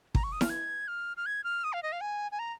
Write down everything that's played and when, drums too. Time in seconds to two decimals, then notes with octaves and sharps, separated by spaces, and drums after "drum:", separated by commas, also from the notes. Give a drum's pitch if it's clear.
0.15 A#5, drum: kick
0.24 C#6
0.32 D#6
0.41 F6, drum: snare E4
0.50 G#6
0.88 F6
1.17 F6
1.26 G#6
1.44 F6
1.64 D#6
1.73 F5
1.83 D#5
1.92 F5
2.01 G#5
2.32 G#5
2.39 A#5